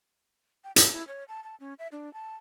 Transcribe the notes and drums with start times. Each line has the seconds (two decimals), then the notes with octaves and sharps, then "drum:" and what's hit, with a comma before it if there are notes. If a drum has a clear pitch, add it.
0.64 G5
0.76 E4, drum: hi-hat
0.93 E4
1.07 C#5
1.28 A5
1.44 A5
1.60 C#4
1.79 E5
1.92 D4
2.14 A5